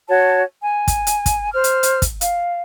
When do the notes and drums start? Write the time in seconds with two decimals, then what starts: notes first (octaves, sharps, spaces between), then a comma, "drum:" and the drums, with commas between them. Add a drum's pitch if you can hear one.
0.08 F#4 C#5 A5
0.63 G#5
0.88 drum: kick, hi-hat
1.07 drum: hi-hat
1.26 drum: kick, hi-hat
1.53 C5 F6
1.64 drum: hi-hat
1.83 drum: hi-hat
2.02 drum: kick, hi-hat
2.21 F5, drum: hi-hat